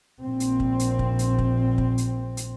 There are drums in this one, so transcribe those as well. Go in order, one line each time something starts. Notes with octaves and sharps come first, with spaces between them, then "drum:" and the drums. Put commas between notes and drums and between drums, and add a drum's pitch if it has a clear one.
A#1 C4
drum: hi-hat
drum: kick
drum: hi-hat
drum: kick
drum: hi-hat
drum: kick
drum: kick
drum: hi-hat
drum: hi-hat